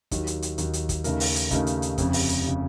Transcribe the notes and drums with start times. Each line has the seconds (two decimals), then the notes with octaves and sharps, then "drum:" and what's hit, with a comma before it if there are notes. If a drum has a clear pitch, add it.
0.11 D#2 D#3 F#3, drum: kick, hi-hat
0.27 drum: hi-hat
0.42 drum: hi-hat
0.58 D#2 D#3 F#3, drum: hi-hat
0.73 drum: hi-hat
0.89 drum: kick, hi-hat
1.04 D#2 C#3 A3 D#4 A#4, drum: hi-hat
1.20 drum: open hi-hat
1.36 drum: hi-hat
1.51 D#2 C#3 A3 D#4 A#4, drum: kick, hi-hat
1.67 drum: hi-hat
1.82 drum: hi-hat
1.98 F1 F2 C#3, drum: kick, hi-hat
2.13 drum: open hi-hat
2.29 drum: hi-hat
2.48 C#3